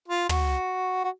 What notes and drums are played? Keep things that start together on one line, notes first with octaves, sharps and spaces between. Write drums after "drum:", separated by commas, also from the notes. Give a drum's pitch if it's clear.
F4
F#4, drum: tom
F#4